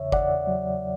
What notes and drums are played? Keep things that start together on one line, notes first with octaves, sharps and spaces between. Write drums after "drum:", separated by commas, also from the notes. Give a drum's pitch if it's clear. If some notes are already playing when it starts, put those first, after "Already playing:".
Already playing: E2 C#3 C#5 E5
E2 D5 F#5, drum: kick G1
F#3